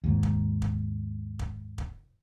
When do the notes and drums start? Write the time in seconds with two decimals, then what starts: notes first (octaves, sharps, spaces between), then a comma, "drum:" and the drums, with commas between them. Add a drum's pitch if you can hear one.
0.04 D#2 G#2
0.23 drum: kick
0.62 drum: kick
1.39 drum: kick
1.78 drum: kick